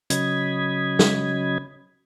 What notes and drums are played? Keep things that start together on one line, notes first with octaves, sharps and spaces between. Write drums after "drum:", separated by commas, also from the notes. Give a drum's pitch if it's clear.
C#3 F#3 C#4 D#5 B5 G#6, drum: hi-hat
drum: snare